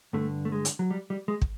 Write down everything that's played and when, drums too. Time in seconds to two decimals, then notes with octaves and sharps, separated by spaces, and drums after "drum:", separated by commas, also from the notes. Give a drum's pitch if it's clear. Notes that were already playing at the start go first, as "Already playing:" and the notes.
0.13 G2 D3 A3
0.45 A3
0.52 G#3
0.65 drum: hi-hat
0.79 F#3
0.91 G3
1.10 G3
1.28 G#3
1.41 drum: kick